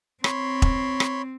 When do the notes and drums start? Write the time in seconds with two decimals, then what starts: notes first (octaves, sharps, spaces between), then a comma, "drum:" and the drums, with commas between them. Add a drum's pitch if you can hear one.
0.24 C4 C#5 B5 C6, drum: rim click
0.62 drum: kick E1
1.00 drum: rim click